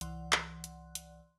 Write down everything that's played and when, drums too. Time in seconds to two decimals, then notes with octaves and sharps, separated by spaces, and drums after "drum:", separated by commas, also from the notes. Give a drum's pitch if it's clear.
0.01 C2 E3 D5 F#5 C6 F#6, drum: hi-hat
0.33 drum: clap
0.64 drum: hi-hat
0.95 drum: hi-hat